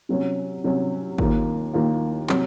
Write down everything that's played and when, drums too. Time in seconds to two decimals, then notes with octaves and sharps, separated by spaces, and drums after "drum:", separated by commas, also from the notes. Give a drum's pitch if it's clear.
0.09 C3 F#3 C#4
0.64 C3 F#3 C#4
1.18 D#2 D#3 A#3 F4, drum: kick
1.73 D#2 D#3 A#3 F4
2.29 C3 F#3, drum: clap